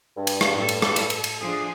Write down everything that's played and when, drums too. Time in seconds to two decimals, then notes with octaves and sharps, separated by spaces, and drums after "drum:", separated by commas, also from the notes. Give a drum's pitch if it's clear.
0.17 G2
0.27 drum: cymbal
0.41 drum: rim click
0.55 A2 A4
0.69 drum: cymbal
0.82 drum: rim click
0.96 drum: cymbal
1.10 drum: cymbal
1.24 drum: cymbal
1.43 F3 D4 G#4